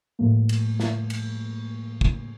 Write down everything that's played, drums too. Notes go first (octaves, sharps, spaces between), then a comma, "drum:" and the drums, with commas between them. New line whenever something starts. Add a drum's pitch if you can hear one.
A2 F3 G3 A3 A#3
drum: cymbal
drum: snare
drum: cymbal
drum: kick